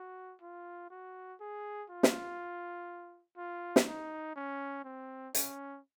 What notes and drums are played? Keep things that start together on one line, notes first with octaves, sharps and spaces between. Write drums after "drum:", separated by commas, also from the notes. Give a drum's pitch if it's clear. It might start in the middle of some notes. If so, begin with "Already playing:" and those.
Already playing: F#4
F4
F#4
G#4
F4
drum: snare
F4
drum: snare
D#4
C#4
C4
C#4, drum: hi-hat